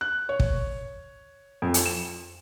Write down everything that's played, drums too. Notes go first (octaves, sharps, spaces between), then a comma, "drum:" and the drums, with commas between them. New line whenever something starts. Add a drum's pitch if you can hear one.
F#6
C#5
drum: kick
F2
drum: hi-hat
E7